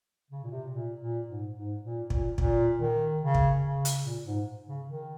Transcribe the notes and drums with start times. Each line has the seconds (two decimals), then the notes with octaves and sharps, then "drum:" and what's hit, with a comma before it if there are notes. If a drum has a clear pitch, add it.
0.31 C#3
0.44 A#2
0.51 C3
0.72 A#2
1.00 A#2
1.28 G#2
1.55 G#2
1.83 A#2
2.10 A#2, drum: kick
2.38 A#2, drum: kick
2.79 D#3
3.22 C#3
3.34 drum: kick
3.63 C#3
3.85 drum: hi-hat
4.05 A#2
4.25 G#2
4.67 C#3
4.88 D#3